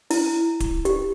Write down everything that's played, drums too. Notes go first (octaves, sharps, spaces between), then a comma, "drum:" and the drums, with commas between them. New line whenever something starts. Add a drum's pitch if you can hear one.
E4, drum: open hi-hat
drum: kick D1, hi-hat
G4, drum: hi-hat